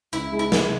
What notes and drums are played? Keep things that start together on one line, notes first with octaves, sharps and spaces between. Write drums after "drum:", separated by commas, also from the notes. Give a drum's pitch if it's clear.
C#2 E4
G#3
E4
G#3, drum: snare